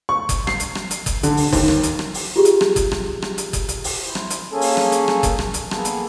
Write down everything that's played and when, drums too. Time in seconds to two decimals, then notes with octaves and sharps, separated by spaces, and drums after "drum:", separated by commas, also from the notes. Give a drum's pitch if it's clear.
0.09 C#6
0.29 drum: kick F#1, hi-hat
0.47 C7, drum: rim click
0.60 drum: hi-hat
0.75 drum: rim click
0.91 drum: hi-hat
1.06 drum: kick F#1, hi-hat
1.23 D3, drum: hi-hat
1.37 drum: open hi-hat
1.52 D#2, drum: kick F#1, open hi-hat
1.68 drum: rim click
1.83 drum: hi-hat
1.99 drum: rim click
2.14 drum: open hi-hat
2.36 F4 G4 G#4
2.45 drum: hi-hat
2.61 drum: rim click
2.76 drum: kick F#1, hi-hat
2.91 drum: rim click
3.22 drum: rim click
3.38 drum: hi-hat
3.53 drum: kick F#1, hi-hat
3.69 drum: hi-hat
3.84 drum: open hi-hat
4.04 E4 C5
4.15 drum: rim click
4.30 drum: hi-hat
4.51 A#3 C#4 G#4 A4
4.61 drum: open hi-hat
4.77 drum: rim click
4.92 drum: hi-hat
5.08 drum: rim click
5.23 drum: kick F#1, hi-hat
5.39 drum: rim click
5.54 drum: hi-hat
5.71 A#3 B3 G#4 A4, drum: rim click
5.85 drum: hi-hat